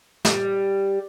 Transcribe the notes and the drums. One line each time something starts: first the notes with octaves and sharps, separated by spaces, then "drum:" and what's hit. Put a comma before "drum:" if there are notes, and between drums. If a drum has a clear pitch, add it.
G3, drum: snare